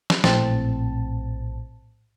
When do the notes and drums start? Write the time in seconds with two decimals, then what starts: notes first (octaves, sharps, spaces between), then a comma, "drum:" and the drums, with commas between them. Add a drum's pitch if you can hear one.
0.10 drum: snare
0.24 A#1 A2 C4 A5, drum: snare